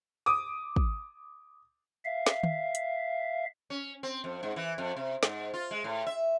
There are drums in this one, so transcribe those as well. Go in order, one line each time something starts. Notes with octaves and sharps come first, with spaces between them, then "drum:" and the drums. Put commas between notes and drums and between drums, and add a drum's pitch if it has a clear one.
D6 D#6
drum: kick
E5 F5
drum: snare
drum: tom
drum: hi-hat
C#4
C4
F2
G#2
E3
F2
C3
G#2, drum: snare
F4
G#3
A2
E5